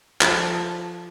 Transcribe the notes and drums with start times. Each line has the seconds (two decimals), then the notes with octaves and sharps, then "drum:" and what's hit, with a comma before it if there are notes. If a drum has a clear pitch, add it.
0.21 F3 A4, drum: clap